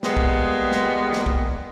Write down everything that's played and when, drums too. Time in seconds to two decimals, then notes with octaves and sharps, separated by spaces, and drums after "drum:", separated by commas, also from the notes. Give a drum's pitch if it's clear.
0.03 G3 G#3 A#3 B3, drum: snare
0.17 drum: kick
0.71 drum: snare
1.13 drum: snare
1.26 drum: kick